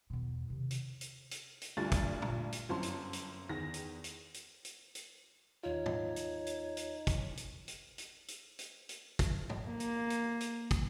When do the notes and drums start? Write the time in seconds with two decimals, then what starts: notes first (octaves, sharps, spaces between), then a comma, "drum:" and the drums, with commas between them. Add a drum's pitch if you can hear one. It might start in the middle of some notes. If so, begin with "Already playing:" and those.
0.10 E2 B2
0.49 C3 D#3
0.71 drum: hi-hat
1.01 drum: hi-hat
1.31 drum: hi-hat
1.62 drum: hi-hat
1.77 D2 G2 D4 F4 D5 A6
1.92 drum: kick, hi-hat
2.22 drum: tom
2.52 drum: hi-hat
2.69 G1 F#2 F#3 C4 A5 C6
2.83 drum: hi-hat
3.13 drum: hi-hat
3.49 E2 D#3 A#6
3.74 drum: hi-hat
4.04 drum: hi-hat
4.34 drum: hi-hat
4.65 drum: hi-hat
4.95 drum: hi-hat
5.63 D#2 D#4 F4 C#5
5.86 drum: tom
6.16 drum: hi-hat
6.46 drum: hi-hat
6.77 drum: hi-hat
7.07 drum: kick, hi-hat
7.37 drum: hi-hat
7.68 drum: hi-hat
7.98 drum: hi-hat
8.28 drum: hi-hat
8.59 drum: hi-hat
8.89 drum: hi-hat
9.19 drum: kick, hi-hat
9.50 drum: tom
9.67 A#3
9.80 drum: hi-hat
10.10 drum: hi-hat
10.40 drum: hi-hat
10.71 drum: kick, hi-hat